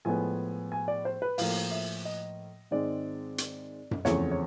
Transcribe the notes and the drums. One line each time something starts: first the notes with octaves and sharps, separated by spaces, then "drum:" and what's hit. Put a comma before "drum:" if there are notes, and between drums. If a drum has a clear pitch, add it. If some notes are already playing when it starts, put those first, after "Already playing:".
A2 F3 G#3 B3 G#5
G#5
D5
C5
B4
A2 F3 A#3 F5, drum: open hi-hat
E5
D#5
G#2 D#3 G#3 C4 D5
drum: hi-hat
drum: tom F#2
E2 C#3 F3 A3 C4 C#5, drum: snare
C#5